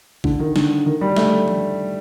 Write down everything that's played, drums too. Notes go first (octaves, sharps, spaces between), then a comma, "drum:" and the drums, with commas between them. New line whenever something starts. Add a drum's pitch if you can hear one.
D3, drum: kick A#1
D#3
D3, drum: snare
D#3
G3
A3, drum: snare
drum: tom F3